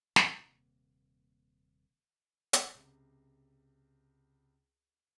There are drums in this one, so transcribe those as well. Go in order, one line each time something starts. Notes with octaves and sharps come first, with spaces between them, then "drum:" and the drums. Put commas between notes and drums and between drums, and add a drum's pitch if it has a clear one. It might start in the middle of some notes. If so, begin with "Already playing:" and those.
D#1 C3 A#3, drum: snare
drum: hi-hat
C#2 C3